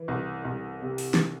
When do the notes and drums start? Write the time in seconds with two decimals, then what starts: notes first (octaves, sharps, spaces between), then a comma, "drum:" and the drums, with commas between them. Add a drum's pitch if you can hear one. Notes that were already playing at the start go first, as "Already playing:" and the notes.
Already playing: E3
0.08 C2
0.45 C2
0.82 C3
0.98 drum: open hi-hat
1.14 drum: snare